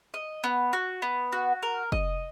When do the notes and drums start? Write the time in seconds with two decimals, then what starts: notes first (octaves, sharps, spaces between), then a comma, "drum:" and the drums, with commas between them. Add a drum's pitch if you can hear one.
0.14 D#5
0.44 B3
0.73 F#4
1.02 B3
1.32 F#4
1.63 A#4
1.92 D#5, drum: kick